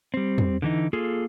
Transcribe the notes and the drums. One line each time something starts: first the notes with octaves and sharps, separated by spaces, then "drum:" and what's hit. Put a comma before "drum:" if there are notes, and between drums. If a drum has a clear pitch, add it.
G3 C4
drum: tom
D3 E3 D#4
A#3 F4 G#4 A4